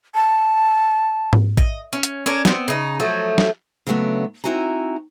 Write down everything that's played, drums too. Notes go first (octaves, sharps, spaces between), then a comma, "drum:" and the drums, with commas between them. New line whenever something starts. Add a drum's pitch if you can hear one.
A5
drum: tom G#2
D#5, drum: kick A1
C#4
drum: hi-hat
C#4 D4 A#4
B3 C4, drum: snare
C#3 D#4
F3 F#3 A3
drum: snare
C#3 F#3 G3 A3 B3 D4
C4 D#4 E4 F#4 G#5 A#5